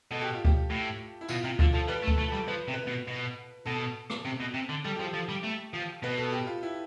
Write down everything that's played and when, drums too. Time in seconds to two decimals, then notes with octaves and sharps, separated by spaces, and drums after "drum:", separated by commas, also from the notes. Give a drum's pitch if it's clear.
0.11 B2 A4
0.21 G4
0.33 F4
0.45 G4, drum: kick D2
0.70 A2
1.21 E4
1.29 B2 F4, drum: tambourine
1.44 C3 F4
1.59 D3 F4, drum: kick D2
1.73 F3 A4
1.88 G3 B4
2.03 A3
2.08 A4, drum: kick D2
2.19 A3
2.28 G3 A4
2.47 F3 B4
2.68 C3
2.74 B4
2.87 B2
3.07 B2
3.66 B2 A4
4.10 drum: rim click
4.25 C3
4.40 B2
4.54 C3
4.69 D3
4.84 G3 A4
4.96 F3 G4
5.07 A4
5.13 F3
5.29 G3
5.44 A3
5.74 F3
6.03 B2 B4
6.17 A4
6.32 G4
6.47 F4
6.63 E4